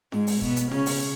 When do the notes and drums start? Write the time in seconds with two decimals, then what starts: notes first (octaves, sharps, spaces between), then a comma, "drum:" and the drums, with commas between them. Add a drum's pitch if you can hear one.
0.12 G#2 G#3, drum: snare
0.27 drum: open hi-hat
0.41 B2 B3, drum: kick E1
0.56 drum: hi-hat
0.71 C#3 C#4, drum: snare
0.86 drum: open hi-hat